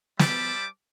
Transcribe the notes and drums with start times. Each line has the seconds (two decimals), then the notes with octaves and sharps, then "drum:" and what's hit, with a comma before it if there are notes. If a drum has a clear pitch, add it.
0.19 G3 C5 E5 A5 B5 D6, drum: snare